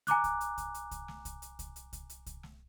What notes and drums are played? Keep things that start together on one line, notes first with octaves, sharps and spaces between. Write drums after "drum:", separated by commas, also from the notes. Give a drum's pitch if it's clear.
G#5 A#5 D6 F#6, drum: hi-hat
drum: kick C2, hi-hat
drum: hi-hat
drum: kick C2, hi-hat
drum: hi-hat
drum: kick C2, hi-hat
drum: snare
drum: kick C2, hi-hat
drum: hi-hat
drum: kick C2, hi-hat
drum: hi-hat
drum: kick C2, hi-hat
drum: hi-hat
drum: kick C2, hi-hat
drum: snare